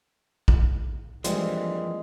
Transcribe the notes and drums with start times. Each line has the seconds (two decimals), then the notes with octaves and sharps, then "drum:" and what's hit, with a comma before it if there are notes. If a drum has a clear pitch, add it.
0.48 drum: kick
1.24 G2 E3 F3 G#3 A#3 C4, drum: hi-hat